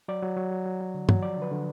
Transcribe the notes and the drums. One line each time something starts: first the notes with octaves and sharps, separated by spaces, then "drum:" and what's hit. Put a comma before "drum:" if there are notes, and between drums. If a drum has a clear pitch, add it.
F#3 D5
F#3
F#3
F#3
F#3
F#3
D3
F#3, drum: tom
F3 D5
D3 B4
D3